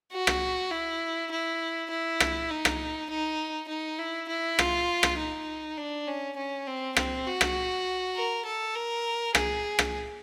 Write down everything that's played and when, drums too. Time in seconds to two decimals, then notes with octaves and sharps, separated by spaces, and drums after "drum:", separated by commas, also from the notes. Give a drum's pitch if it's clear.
0.12 F#4
0.27 drum: rim click
0.71 E4
1.31 E4
1.90 E4
2.20 drum: rim click
2.50 D#4
2.65 drum: rim click
3.10 D#4
3.68 D#4
3.99 E4
4.28 E4
4.59 F4, drum: rim click
5.03 drum: rim click
5.18 D#4
5.77 D4
6.07 C#4
6.36 C#4
6.67 C4
6.96 C4, drum: rim click
7.26 F#4
7.41 drum: rim click
8.15 A#4
8.45 A4
8.75 A#4
9.35 G#4, drum: rim click
9.79 drum: rim click